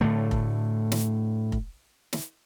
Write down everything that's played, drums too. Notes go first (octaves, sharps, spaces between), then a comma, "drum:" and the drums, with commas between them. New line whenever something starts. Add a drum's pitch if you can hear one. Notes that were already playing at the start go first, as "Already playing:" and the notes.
A2 D3 A3
drum: kick F1
drum: snare
drum: kick F1
drum: snare